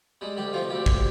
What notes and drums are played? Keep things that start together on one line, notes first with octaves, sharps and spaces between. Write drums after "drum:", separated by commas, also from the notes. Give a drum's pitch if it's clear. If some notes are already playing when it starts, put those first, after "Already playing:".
G3 G#3
D2 G3 G4
C3 F3 F4
D2 G3 G4
G3, drum: kick A1